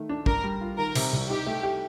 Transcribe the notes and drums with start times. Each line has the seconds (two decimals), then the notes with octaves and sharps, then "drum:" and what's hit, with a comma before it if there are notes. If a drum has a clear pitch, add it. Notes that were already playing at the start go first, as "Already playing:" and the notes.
Already playing: D#3 A3
0.09 D4
0.26 D4 A#4, drum: kick
0.44 G3
0.61 F4
0.78 D#3 A#4
0.95 C3, drum: cymbal
1.13 C2
1.29 D#4 G4
1.47 A3
1.63 G4